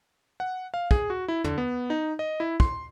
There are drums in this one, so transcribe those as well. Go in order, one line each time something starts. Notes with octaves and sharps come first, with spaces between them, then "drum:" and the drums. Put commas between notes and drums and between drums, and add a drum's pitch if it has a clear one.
F#5
F5
G#4, drum: kick
F#4
E4
D3, drum: tom
B3
D#4
D#5
E4
C6, drum: kick